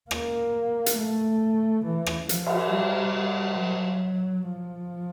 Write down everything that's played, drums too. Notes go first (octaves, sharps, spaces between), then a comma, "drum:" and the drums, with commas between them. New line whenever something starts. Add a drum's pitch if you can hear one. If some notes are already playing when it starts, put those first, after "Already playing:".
A#3, drum: rim click
drum: hi-hat
A3
E3
drum: rim click
F3, drum: hi-hat
drum: cymbal
G3
F#3
F3